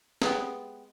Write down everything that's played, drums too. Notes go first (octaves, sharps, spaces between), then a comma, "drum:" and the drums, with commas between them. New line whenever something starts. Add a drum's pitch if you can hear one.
G#3 B3 G4, drum: snare